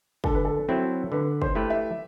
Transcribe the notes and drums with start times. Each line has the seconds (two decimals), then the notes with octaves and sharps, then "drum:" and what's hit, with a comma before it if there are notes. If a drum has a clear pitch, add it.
0.24 D3 A4, drum: kick
0.35 B4
0.45 A4
0.69 F#3 C4 E4
1.12 D3 B4
1.42 C5, drum: kick
1.55 A3 E4 G4 B4
1.70 E5